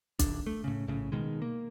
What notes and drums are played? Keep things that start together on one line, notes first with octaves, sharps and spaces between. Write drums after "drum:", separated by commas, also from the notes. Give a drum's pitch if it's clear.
D#1 D4, drum: kick, hi-hat
A3
A2 C#3
A#1 A2 C#3
B2 D#3 G#3
A#3